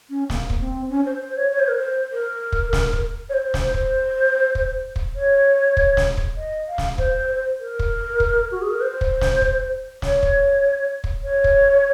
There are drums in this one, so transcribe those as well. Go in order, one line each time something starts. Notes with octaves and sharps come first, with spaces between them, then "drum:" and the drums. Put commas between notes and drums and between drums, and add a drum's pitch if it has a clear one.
C#4
A#3, drum: snare
drum: kick
C4
C#4
C5
C5
C#5
C#5
C5
A#4
C5
A#4
drum: kick
drum: snare
drum: kick
C#5
C5
drum: snare
C5
drum: kick
drum: kick
drum: kick
C#5
drum: kick
drum: snare
drum: kick
D#5
F5
drum: snare
C5, drum: kick
A#4
drum: kick
drum: kick
F#4
G#4
A#4
C5
drum: kick
drum: snare
drum: kick
C#5, drum: snare
drum: kick
drum: kick
C#5
drum: kick